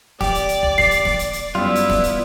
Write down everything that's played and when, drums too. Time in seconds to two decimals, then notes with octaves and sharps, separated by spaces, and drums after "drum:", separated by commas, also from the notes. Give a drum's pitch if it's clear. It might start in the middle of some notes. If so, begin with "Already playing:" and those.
0.21 G4 D5, drum: snare
0.35 drum: hi-hat
0.49 drum: hi-hat
0.63 drum: kick F#1
0.78 C7, drum: snare
0.91 drum: hi-hat
1.05 drum: snare
1.19 drum: hi-hat
1.33 drum: hi-hat
1.55 F#2 G3 B3 E4 F4 E5
1.76 drum: hi-hat
1.90 drum: snare
2.04 drum: hi-hat